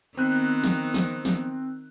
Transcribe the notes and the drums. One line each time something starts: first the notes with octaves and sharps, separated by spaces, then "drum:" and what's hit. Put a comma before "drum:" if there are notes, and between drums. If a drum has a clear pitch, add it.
D#3 B3 C4 F#6
drum: snare
drum: snare
drum: snare